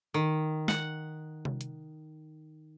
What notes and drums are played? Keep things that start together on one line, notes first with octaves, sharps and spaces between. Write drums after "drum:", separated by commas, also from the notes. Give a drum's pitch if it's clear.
D#3
F#5, drum: snare
drum: tom C3
drum: hi-hat